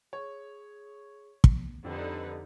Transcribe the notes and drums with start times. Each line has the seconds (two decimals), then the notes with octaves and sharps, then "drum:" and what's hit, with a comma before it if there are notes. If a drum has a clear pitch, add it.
0.13 G#4 C#5
1.44 drum: kick
1.84 F2 D3 D#4 G4 B4